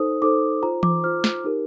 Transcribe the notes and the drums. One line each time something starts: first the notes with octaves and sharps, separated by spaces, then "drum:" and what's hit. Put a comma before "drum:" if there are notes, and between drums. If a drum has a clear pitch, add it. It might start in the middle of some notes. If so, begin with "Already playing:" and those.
Already playing: D#4 A4 C5 D#6
D#4 A4 C5 D6
F4 C5 A#5
D6, drum: tom E3
F4 C5 F6
drum: snare
D#4 G4 A#4